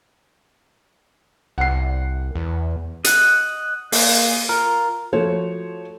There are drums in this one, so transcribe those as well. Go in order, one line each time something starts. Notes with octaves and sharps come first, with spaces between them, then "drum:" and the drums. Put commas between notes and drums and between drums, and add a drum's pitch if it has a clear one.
C2 F#5 C7
E2
D#5 F#5, drum: hi-hat
A#3 G#4, drum: open hi-hat
F4 A#4
F3 A3 F#4 C5 C#5